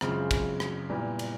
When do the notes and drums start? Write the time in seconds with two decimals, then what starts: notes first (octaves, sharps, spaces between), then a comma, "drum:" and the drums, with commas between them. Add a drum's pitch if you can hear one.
0.01 F#2 C#3 F3 G#3 C4, drum: rim click
0.31 drum: kick, cymbal
0.60 drum: rim click
0.90 A#2 G3 B3 E4
1.19 drum: cymbal